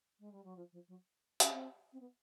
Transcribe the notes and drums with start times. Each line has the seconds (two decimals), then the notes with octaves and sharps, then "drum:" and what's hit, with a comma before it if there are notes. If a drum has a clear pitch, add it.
0.19 G#3
0.32 G3
0.44 F#3
0.56 F3
0.72 F3
0.88 F#3
1.40 C#4, drum: hi-hat
1.52 C4
1.92 C4
2.00 B3